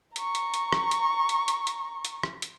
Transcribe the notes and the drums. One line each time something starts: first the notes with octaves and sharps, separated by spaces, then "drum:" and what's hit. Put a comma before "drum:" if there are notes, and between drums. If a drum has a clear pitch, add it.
A#5 C#6, drum: hi-hat
drum: hi-hat
drum: hi-hat
drum: rim click
drum: hi-hat
drum: hi-hat
drum: hi-hat
drum: hi-hat
drum: hi-hat
drum: rim click
drum: hi-hat